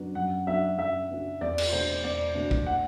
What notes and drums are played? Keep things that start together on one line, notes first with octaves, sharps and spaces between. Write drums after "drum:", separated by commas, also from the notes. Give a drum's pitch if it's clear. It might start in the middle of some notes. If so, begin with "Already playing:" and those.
Already playing: F#2 F#3 B3 D4 F#4
F#2 F#5
F#3 B3 D4 F#4 E5
F#2 E5
F#3 B3 D4 F#4
E2 D5
drum: cymbal
B2 A3 D4 C5
E2 D5
B2 A3 D4
drum: kick
F#5